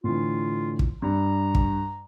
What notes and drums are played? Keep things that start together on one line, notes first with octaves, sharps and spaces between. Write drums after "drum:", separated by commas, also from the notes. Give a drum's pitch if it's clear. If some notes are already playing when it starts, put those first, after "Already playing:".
A2 D3 E3 F4
drum: kick
G2 A#5
drum: kick